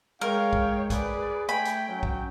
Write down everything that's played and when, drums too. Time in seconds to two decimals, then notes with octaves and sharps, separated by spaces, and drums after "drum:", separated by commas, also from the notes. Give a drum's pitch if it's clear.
0.21 G#3 A#4 C#5 F5 G5
0.53 drum: kick
0.90 G#4 B4 D5, drum: kick, hi-hat
1.49 A3 G5 G#5 B5
1.65 drum: hi-hat
1.88 F#3 C#4
2.03 drum: kick